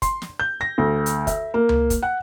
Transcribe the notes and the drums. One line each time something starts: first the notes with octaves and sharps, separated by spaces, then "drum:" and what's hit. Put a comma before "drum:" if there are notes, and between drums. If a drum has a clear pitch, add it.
C6, drum: kick, hi-hat
drum: snare
G6
A#6
D2
drum: hi-hat
E5, drum: kick, hi-hat
A#3
drum: tom C#2
drum: kick, hi-hat
F#5